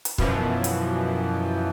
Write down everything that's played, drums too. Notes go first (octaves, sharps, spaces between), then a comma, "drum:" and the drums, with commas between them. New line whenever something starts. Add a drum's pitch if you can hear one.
drum: hi-hat
F#2 B2 E3 F3, drum: kick C#1
drum: hi-hat